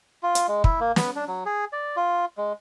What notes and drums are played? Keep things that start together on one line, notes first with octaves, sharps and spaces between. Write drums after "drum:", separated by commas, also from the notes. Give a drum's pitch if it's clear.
F4
drum: hi-hat
G#3
E4, drum: kick
A#3
B3, drum: snare
D4
F#3
G#4
D5
F4
G#3